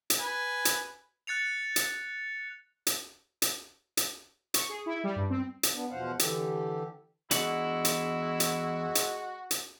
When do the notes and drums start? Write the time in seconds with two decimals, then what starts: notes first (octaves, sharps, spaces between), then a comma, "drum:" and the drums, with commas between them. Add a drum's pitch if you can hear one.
0.10 drum: hi-hat
0.19 B4 G#5
0.65 drum: hi-hat
1.27 F#6 A6 C#7 F7
1.76 drum: hi-hat
2.87 drum: hi-hat
3.42 drum: hi-hat
3.97 drum: hi-hat
4.54 C#6, drum: hi-hat
4.69 G#4
4.86 E4
5.04 G3
5.16 G2
5.30 C4
5.63 drum: hi-hat
5.73 B3 D4
5.91 E2 B2 F3 C5 F5 F#5
6.19 D3 E3 G4 A4, drum: hi-hat
7.31 E2 G#3 D4 E4 F#4 F#5, drum: hi-hat
7.85 drum: hi-hat
8.40 drum: hi-hat
8.95 drum: hi-hat
9.51 drum: hi-hat